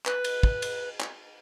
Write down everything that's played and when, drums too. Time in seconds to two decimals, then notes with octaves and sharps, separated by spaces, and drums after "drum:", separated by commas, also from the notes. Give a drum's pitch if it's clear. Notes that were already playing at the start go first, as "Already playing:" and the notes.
0.06 B4, drum: clap
0.24 drum: cymbal
0.43 drum: kick
0.62 drum: cymbal
1.00 drum: clap